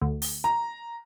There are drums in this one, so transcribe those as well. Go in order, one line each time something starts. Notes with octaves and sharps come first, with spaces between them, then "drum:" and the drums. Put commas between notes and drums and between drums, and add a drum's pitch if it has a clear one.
D2
drum: open hi-hat
A#5